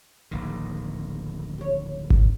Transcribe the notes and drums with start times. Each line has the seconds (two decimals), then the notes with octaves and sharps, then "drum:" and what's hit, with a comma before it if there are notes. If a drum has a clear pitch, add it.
0.31 D1 A#1 D#3
1.58 G4 C#5
2.10 drum: kick G#1